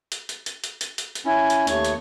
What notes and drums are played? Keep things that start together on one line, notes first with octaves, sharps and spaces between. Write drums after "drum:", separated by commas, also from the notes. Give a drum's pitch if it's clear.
drum: hi-hat
drum: hi-hat
drum: hi-hat
drum: hi-hat
drum: hi-hat
drum: hi-hat
drum: hi-hat
C#4 E4
drum: hi-hat
D#2 A3 C#5 C#6, drum: hi-hat
drum: hi-hat